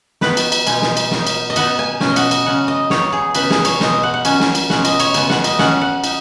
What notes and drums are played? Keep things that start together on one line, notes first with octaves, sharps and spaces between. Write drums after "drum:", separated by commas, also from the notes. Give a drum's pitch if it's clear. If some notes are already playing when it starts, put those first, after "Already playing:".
D#3 B3 D#4 B4, drum: snare
drum: cymbal
drum: cymbal
B2 G#3 D#4 G#5, drum: cymbal
drum: snare
drum: cymbal
F#3 D#4, drum: snare
drum: cymbal
D#5
D#3 B3 D#4 F#5, drum: cymbal
G#5
B2 F#3 C#4 G#5, drum: snare
D#5
F#5, drum: cymbal
D#5, drum: cymbal
C#3 F#3 C#4 F#5
D#5
F#3 B3 D#4 C#5, drum: snare
G#4
C#3 B3 D#4 B4, drum: cymbal
G#4, drum: snare
C#5, drum: cymbal
B2 G#3 D#4 D#5, drum: snare
F#5
F#5
D#3 F#3 C#4 G#5, drum: cymbal
drum: snare
drum: cymbal
B2 G#3 C#4 F#5, drum: snare
D#5, drum: cymbal
C#5, drum: cymbal
C#3 G#3 B3 G#5, drum: cymbal
F#5, drum: snare
D#5, drum: cymbal
D#3 F#3 C#4 F#5, drum: snare
F#5
D#4, drum: cymbal